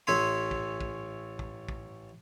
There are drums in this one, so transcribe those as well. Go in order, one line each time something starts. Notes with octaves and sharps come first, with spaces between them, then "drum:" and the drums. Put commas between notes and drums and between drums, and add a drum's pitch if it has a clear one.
A1 C#4 E5 G#5 C6
drum: kick
drum: kick
drum: kick
drum: kick